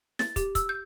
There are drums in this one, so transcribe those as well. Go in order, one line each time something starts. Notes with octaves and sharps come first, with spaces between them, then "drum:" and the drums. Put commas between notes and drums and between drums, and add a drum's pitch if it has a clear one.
A6, drum: snare
G4, drum: kick, hi-hat
E6, drum: kick, hi-hat
G6